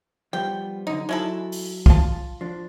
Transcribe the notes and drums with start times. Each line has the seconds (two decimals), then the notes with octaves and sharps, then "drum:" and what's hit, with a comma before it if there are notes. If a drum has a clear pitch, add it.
0.33 F3 G3 B3 G5
0.87 F#2 D3 D#4
1.09 F#3 G#3 E4 A4
1.52 drum: open hi-hat
1.86 F4 A5, drum: kick
2.41 F3 D4